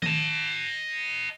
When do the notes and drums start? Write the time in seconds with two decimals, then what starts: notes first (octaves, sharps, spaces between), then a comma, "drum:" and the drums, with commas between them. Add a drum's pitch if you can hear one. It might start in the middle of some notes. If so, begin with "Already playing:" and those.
0.03 D#5 A5, drum: tom D#3